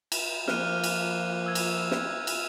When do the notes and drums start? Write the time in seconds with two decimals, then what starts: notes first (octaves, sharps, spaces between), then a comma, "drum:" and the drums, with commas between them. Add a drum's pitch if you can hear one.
0.12 drum: cymbal
0.48 F3 A#3 F6 F#6 D#7, drum: snare
0.84 drum: cymbal
1.46 E6 G#6
1.55 drum: cymbal
1.91 drum: snare
2.27 drum: cymbal